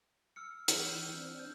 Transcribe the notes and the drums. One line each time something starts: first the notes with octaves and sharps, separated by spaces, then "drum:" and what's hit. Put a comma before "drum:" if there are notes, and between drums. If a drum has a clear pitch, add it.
E6 F6 C#7
E3 F6 G6, drum: hi-hat
C4 D4
G6